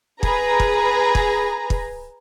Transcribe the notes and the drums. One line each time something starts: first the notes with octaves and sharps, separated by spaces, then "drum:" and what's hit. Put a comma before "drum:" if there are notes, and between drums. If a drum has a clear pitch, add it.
G#4 B4 A#5, drum: kick
drum: kick
drum: kick
drum: kick